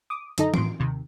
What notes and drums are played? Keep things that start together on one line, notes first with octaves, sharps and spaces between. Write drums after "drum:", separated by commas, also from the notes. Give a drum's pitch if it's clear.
D6 D#6
F#2 D3 D#4 A4 D#5 A#5, drum: hi-hat
A2 D#3 C6 D7, drum: tom E3
D#2 C3 D#3